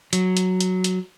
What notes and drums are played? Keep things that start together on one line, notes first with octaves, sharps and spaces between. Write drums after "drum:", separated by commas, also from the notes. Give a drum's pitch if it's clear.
F#3, drum: hi-hat
drum: hi-hat
drum: hi-hat
drum: hi-hat